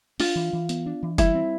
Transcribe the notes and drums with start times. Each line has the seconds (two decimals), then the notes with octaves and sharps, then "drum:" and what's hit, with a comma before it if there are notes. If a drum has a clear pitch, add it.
0.20 D4 F4, drum: open hi-hat
0.36 E3
0.53 E3
0.69 B3, drum: hi-hat
0.86 D4
1.03 E3
1.18 G3 E4, drum: kick F1, hi-hat
1.35 C4